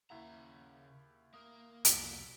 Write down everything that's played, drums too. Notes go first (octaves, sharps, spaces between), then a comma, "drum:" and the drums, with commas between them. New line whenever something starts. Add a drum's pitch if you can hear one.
D#2 C#3 E4 F#5 A#5
A#3 A#4 D#6
C2 F2 B2 B6, drum: hi-hat